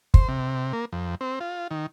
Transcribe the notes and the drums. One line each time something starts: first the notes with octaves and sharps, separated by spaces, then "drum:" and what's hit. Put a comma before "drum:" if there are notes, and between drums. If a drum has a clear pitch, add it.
C5, drum: kick
C3
A#3
F2
C4
F4
D#3